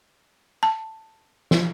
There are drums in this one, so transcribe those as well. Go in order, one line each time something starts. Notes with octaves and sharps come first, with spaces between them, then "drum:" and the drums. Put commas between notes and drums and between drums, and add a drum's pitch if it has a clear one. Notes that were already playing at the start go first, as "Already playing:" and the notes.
A5
drum: snare